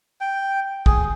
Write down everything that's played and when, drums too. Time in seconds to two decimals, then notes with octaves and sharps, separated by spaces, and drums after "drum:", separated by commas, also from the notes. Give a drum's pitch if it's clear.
0.21 G5
0.86 G#4, drum: kick